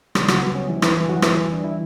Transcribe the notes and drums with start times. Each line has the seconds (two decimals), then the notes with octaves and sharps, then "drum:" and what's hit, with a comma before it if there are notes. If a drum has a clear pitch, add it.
0.15 C#3 G3 G4, drum: rim click
0.28 C#3 F#3 F#4, drum: rim click
0.42 B3
0.51 D2 C#4
0.69 E3 G3 E4
0.82 F#2 E3 E4, drum: rim click
1.06 D3 F#3 F#4
1.22 E3 G3 E4, drum: rim click
1.41 E2
1.53 D4
1.59 G3
1.64 E4